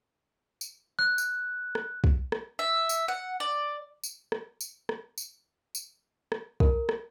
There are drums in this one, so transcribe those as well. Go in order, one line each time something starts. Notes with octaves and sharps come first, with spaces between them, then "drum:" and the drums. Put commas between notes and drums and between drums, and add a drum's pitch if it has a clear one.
drum: tambourine
F#6
drum: tambourine
drum: rim click
drum: kick
drum: rim click
E5
drum: tambourine
F#5
D5
drum: tambourine
drum: rim click
drum: tambourine
drum: rim click
drum: tambourine
drum: tambourine
drum: rim click
A#4, drum: kick
drum: rim click